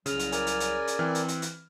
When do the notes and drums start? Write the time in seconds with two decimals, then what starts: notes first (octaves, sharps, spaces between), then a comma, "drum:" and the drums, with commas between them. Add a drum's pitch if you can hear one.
0.06 C2 C#3 F#3 F6, drum: hi-hat
0.19 drum: hi-hat
0.32 A#4 D5 G#5, drum: hi-hat
0.47 drum: hi-hat
0.60 drum: hi-hat
0.87 drum: hi-hat
0.99 E3 C4 F6
1.15 drum: hi-hat
1.28 drum: hi-hat
1.42 drum: hi-hat